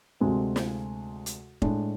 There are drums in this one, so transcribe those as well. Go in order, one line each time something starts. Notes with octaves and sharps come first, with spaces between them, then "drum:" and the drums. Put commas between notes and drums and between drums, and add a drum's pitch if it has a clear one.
D2 C3 G#3 C4
drum: snare
drum: hi-hat
A2 G#3 D4, drum: kick F1